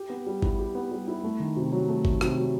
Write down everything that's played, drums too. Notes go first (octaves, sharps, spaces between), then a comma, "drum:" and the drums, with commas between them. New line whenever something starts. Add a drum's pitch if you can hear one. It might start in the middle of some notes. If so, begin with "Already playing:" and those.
Already playing: G4
B3
G3
E4, drum: kick G#1
G4
B3
G3
E4
A3
D#3
C3
F#3
A3
D#3, drum: kick G#1
C3, drum: rim click
F#3